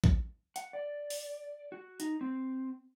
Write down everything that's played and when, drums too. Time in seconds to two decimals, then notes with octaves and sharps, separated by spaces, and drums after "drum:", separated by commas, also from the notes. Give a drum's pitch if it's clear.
0.04 drum: kick A1
0.56 F#5, drum: hi-hat
0.73 D5
1.10 drum: open hi-hat
1.72 F#4
2.00 D#4, drum: hi-hat
2.21 C4